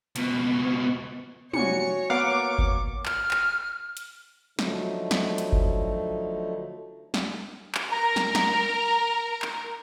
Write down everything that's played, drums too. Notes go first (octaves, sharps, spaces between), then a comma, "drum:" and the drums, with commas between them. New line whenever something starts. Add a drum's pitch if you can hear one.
C#2 B2, drum: hi-hat
C3 F#4 C#5 D5 G#5 C#7, drum: tom
A#3 B3 D5 F5 F#5 D6
drum: kick G1
F6, drum: clap
drum: clap
drum: hi-hat
D3 F3 F#3 A3 D#4, drum: snare
drum: snare
drum: hi-hat
drum: kick G1
drum: snare
drum: clap
A#4 A#5
drum: snare
drum: snare
drum: clap